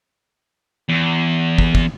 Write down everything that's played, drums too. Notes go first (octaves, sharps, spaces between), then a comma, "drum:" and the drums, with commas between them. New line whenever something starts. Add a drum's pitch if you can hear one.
E2
drum: kick
drum: kick